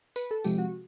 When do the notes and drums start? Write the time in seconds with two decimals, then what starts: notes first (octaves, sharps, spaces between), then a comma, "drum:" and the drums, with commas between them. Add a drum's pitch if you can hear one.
0.16 B4, drum: tambourine
0.31 A4
0.44 C3 F3 G#3 G4, drum: tambourine
0.58 F#4